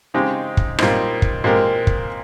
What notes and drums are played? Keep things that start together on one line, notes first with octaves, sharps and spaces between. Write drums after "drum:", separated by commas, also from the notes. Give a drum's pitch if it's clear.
C#3 G#3 C4 D#4 G4
drum: kick
A#2 G3 C4 D#4, drum: rim click
drum: kick
A#2 G#3 C4 G4 A#4
drum: kick